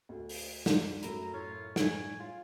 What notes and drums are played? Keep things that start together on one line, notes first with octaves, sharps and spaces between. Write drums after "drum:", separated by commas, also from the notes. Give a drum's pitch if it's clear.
D2
drum: open hi-hat
drum: snare
F#2 A3 A#5 B5, drum: hi-hat
A2 F4 C#5
G#5 D7, drum: snare
F4